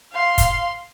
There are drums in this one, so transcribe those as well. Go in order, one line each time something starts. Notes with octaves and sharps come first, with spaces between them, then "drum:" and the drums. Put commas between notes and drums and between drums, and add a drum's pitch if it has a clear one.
F5 C6
drum: kick, hi-hat